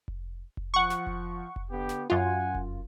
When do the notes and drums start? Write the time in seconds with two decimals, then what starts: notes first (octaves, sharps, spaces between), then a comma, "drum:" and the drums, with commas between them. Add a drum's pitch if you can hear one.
0.08 drum: kick F1
0.57 drum: kick F1
0.74 F3 F#5 C#6
0.90 drum: snare
1.07 drum: kick F1
1.56 drum: kick F1
1.71 D3 B3 G4
1.89 drum: snare
2.10 F#2 F4 F#5 G#5
2.55 drum: kick F1